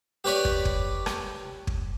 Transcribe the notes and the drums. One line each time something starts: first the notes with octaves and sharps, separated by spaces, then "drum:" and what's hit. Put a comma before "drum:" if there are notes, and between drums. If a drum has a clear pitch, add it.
G4 B4 C#5 D5
drum: kick
drum: kick
drum: rim click
drum: kick